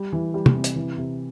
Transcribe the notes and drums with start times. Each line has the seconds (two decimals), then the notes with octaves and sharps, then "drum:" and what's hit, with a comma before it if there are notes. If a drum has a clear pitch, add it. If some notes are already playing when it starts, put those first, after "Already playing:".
Already playing: G3
0.12 E3
0.34 G3
0.46 drum: tom
0.55 C3
0.64 drum: hi-hat
0.76 E3
0.98 C3